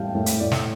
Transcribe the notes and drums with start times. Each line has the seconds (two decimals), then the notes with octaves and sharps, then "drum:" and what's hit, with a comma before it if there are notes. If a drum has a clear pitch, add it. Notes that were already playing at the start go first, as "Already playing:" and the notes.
Already playing: A2 E3 G3 F5 G5 A5
0.15 A2
0.26 drum: hi-hat
0.40 A2 D5
0.51 drum: snare